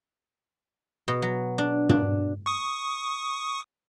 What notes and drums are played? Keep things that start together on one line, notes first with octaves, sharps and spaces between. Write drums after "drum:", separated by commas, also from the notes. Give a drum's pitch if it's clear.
B2
F#3
D4
D4, drum: tom
C#6 D#6